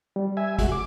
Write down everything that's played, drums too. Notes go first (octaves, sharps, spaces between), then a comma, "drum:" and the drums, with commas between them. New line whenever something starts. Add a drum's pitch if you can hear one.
G3
E5 G#5
G#3 F#4, drum: kick, hi-hat
D6